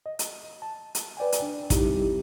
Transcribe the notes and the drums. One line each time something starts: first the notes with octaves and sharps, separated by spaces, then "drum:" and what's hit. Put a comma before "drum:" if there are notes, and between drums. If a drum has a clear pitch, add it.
D#5
drum: hi-hat
A5
drum: hi-hat
B4 D5 G5 G#5
drum: hi-hat
D4
G3 C4 D#4 E4 G4, drum: kick, hi-hat